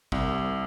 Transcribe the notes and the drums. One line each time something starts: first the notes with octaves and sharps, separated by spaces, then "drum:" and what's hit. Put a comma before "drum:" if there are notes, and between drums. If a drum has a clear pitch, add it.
C2, drum: kick